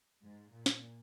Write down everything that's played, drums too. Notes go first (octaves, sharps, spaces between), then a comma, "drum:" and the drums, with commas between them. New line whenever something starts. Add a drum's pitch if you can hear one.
G#2
A#2
drum: snare